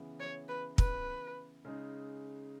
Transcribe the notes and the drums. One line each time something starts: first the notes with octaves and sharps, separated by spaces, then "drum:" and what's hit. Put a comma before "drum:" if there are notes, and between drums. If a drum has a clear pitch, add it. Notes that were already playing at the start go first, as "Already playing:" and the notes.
Already playing: C#3 E3 B3
C#5
B4
B4, drum: kick
C#3 G#3 D#4